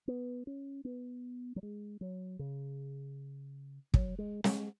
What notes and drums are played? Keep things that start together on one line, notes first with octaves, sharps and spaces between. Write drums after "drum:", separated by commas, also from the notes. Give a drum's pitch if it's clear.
B3
C#4
B3
F#3
G#3
F#3
C#3
F#3, drum: kick
G#3
G#3, drum: snare